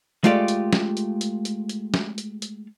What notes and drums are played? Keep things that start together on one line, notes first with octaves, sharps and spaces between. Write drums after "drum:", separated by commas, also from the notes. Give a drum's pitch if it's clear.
G#3 A3 F4 G4 D5, drum: hi-hat
drum: hi-hat
drum: snare
drum: hi-hat
drum: hi-hat
drum: hi-hat
drum: hi-hat
drum: snare
drum: hi-hat
drum: hi-hat